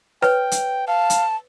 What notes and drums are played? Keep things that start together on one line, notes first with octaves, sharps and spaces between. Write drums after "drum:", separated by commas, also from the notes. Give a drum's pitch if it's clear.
B4 C#5 G5, drum: rim click
drum: hi-hat
F5 A5
drum: hi-hat